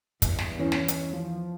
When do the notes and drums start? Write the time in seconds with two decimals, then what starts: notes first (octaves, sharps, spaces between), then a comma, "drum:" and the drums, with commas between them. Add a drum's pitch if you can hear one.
0.22 E2 G2, drum: kick, hi-hat
0.39 drum: snare
0.60 E3 C#4
0.72 drum: snare
0.88 drum: hi-hat
1.13 F3